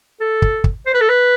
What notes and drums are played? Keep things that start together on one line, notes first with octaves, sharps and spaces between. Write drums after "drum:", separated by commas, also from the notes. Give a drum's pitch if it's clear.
A4
drum: kick
drum: kick
C5
B4
A4
B4